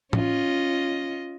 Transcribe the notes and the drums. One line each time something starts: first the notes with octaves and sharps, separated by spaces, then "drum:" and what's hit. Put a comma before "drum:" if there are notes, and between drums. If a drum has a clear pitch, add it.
C#4 F4 D#5, drum: tom A2